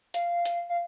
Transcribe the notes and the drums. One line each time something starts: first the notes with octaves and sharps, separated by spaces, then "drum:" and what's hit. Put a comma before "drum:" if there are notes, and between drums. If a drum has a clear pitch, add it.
F5, drum: hi-hat
drum: hi-hat
F5